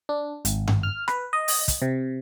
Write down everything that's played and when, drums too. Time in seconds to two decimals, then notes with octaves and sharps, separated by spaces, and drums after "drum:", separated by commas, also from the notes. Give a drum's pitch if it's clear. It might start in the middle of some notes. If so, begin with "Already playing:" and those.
0.09 D4
0.45 G#1, drum: hi-hat
0.67 drum: tom G2
0.83 F6
1.08 B4, drum: rim click
1.33 D#5
1.48 drum: open hi-hat
1.68 drum: kick, hi-hat
1.82 C3